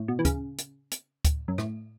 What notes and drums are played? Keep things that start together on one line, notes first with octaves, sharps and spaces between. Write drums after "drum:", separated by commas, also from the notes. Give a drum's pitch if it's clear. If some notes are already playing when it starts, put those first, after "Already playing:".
Already playing: A2
B2
E3
C#3, drum: kick D2, hi-hat
drum: hi-hat
drum: hi-hat
drum: kick D2, hi-hat
F#2
A2, drum: rim click